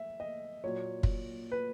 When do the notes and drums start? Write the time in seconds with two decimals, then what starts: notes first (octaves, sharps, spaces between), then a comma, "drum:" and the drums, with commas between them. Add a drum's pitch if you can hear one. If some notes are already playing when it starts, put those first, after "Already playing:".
Already playing: E5
0.20 D#5
0.64 A#2 F#3 C#5
1.03 drum: kick
1.52 B4